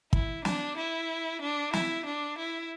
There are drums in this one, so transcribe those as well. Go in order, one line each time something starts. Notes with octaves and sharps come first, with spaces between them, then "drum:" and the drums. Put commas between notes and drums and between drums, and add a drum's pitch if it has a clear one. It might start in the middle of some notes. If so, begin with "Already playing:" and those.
E4, drum: kick
D4, drum: snare
E4
D4
E4, drum: snare
D4
E4